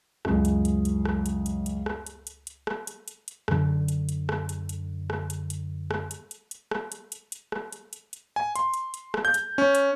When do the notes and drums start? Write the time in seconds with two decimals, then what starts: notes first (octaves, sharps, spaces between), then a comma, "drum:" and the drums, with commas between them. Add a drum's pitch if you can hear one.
0.25 C#2 F#2 G#3, drum: rim click
0.45 drum: hi-hat
0.65 drum: hi-hat
0.85 drum: hi-hat
1.05 drum: rim click
1.26 drum: hi-hat
1.46 drum: hi-hat
1.66 drum: hi-hat
1.86 drum: rim click
2.06 drum: hi-hat
2.27 drum: hi-hat
2.47 drum: hi-hat
2.67 drum: rim click
2.87 drum: hi-hat
3.08 drum: hi-hat
3.28 drum: hi-hat
3.48 F#2 D3, drum: rim click
3.88 drum: hi-hat
4.09 drum: hi-hat
4.29 drum: rim click
4.49 drum: hi-hat
4.69 drum: hi-hat
5.10 drum: rim click
5.30 drum: hi-hat
5.50 drum: hi-hat
5.91 drum: rim click
6.11 drum: hi-hat
6.31 drum: hi-hat
6.51 drum: hi-hat
6.71 drum: rim click
6.92 drum: hi-hat
7.12 drum: hi-hat
7.32 drum: hi-hat
7.52 drum: rim click
7.72 drum: hi-hat
7.93 drum: hi-hat
8.13 drum: hi-hat
8.36 G#5
8.56 C6, drum: hi-hat
8.74 drum: hi-hat
8.94 drum: hi-hat
9.14 drum: rim click
9.25 G6
9.34 drum: hi-hat
9.58 C#4
9.75 drum: hi-hat